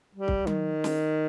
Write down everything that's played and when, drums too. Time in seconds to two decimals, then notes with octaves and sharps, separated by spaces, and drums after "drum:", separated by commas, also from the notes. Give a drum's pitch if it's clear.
0.15 G3
0.28 drum: kick C2
0.47 D#3, drum: tom F#3
0.84 drum: snare